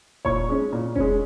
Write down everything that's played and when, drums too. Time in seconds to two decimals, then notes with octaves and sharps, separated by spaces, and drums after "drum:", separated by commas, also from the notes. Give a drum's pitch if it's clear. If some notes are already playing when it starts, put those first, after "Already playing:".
0.25 A#2 C#5 C#6, drum: kick E1
0.49 G#3 C#4
0.73 A#2
0.96 G#3 C#4, drum: kick E1